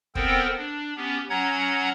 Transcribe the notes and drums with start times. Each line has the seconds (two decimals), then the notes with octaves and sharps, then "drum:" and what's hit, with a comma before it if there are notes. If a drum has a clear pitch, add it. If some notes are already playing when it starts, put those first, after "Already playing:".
0.15 B3 C4 A4 A#4 C5 G5, drum: kick
0.58 D4
0.97 B3 C#4 G4
1.30 F#3 C#4 F#5 A#5 G#6